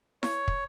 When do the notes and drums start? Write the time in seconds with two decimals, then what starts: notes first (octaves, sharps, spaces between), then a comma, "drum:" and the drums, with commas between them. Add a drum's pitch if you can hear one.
0.23 C#5, drum: snare E4
0.48 drum: kick